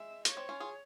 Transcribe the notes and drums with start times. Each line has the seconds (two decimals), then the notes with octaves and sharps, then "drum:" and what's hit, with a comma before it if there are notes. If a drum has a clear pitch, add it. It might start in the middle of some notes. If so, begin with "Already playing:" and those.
Already playing: G#3 E5
0.25 A#3 C#5, drum: hi-hat
0.37 C4
0.49 C#4 F4
0.60 F4 G#4